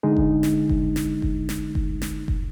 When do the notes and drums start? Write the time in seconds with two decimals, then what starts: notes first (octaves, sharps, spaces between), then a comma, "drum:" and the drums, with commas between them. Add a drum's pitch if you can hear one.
0.03 D3 G#3 D#4
0.17 drum: kick F#1
0.43 drum: snare
0.69 drum: kick F#1
0.96 drum: snare
1.22 drum: kick F#1
1.49 drum: snare
1.75 drum: kick F#1
2.02 drum: snare
2.28 drum: kick F#1